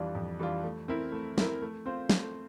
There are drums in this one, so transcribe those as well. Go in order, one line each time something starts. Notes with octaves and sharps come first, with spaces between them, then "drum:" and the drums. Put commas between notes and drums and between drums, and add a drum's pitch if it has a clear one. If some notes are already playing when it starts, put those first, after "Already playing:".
Already playing: F2 E3 G3 D4 F4
F2
E3 G3 D4 F4
A3
C4 E4 A#4
A3
C4 E4 A#4, drum: snare
A3
C4 F4 C5
A3, drum: snare